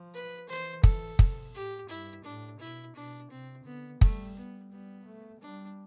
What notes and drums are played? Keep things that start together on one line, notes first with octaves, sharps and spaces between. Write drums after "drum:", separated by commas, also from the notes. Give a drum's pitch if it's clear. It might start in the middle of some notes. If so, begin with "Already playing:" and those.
Already playing: F3
B4
E3 C5
E3 A4, drum: kick
C3, drum: kick
A2 G4
G2 E4
A2 D4
B2 E4
B2 D4
C3 C4
D3 B3
G3 A3, drum: kick
B3
G3 B3
A3
G3 D4